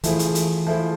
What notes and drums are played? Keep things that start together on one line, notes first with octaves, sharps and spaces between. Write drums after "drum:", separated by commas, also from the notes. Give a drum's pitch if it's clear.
E3 F3 A3 E4 G#4, drum: hi-hat
drum: hi-hat
drum: hi-hat
F3 A3 E4 G#4